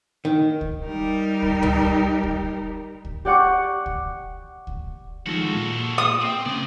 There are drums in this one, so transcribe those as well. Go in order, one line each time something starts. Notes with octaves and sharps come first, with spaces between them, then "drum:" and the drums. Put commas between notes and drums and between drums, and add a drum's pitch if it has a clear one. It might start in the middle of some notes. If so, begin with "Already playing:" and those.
D#3
drum: kick C#2
G3 D#4 G4 A#4
drum: kick C#2
drum: tom
drum: kick C#2
drum: kick C#2
G4 D5 F#5 C#6 D6
drum: kick C#2
drum: kick C#2
D#3 F3 G#3 F#4 A4
A#2
D#6
C4
C#3 A#3 D5 D#5